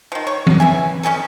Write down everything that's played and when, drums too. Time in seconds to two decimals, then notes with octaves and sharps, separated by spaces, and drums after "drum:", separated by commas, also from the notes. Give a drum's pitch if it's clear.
0.12 D#3 F3
0.27 C#5
0.47 drum: tom E3
0.60 E3 E5 G#5
1.03 C#4 E4 G#4 A4